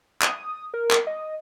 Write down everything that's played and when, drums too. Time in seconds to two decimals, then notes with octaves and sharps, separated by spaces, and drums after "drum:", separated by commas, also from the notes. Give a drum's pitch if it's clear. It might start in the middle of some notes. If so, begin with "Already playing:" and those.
0.22 D#6, drum: clap
0.74 A#4
0.91 drum: clap
1.07 D#5